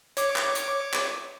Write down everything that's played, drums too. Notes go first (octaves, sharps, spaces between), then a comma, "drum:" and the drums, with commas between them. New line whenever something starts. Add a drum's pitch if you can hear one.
C#5 D6, drum: hi-hat
drum: clap
drum: hi-hat
drum: clap